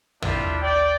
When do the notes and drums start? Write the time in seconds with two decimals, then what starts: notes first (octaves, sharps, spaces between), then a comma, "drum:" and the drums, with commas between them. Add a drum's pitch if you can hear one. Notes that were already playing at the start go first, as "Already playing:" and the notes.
0.22 G3 C4 D4 E4 F4 E5, drum: tom
0.62 D5 G5